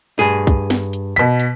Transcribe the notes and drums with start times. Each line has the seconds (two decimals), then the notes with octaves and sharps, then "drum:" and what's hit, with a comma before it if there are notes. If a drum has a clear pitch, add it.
0.19 G2 G#4
0.47 drum: kick, hi-hat
0.70 drum: snare
0.93 drum: hi-hat
1.16 B2 B6, drum: hi-hat
1.39 drum: hi-hat